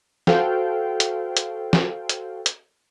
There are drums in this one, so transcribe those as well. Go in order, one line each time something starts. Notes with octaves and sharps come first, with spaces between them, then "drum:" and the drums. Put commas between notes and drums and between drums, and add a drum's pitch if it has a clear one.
F#4 A4 C5 F5 G5, drum: snare
drum: hi-hat
drum: hi-hat
drum: snare
drum: hi-hat
drum: hi-hat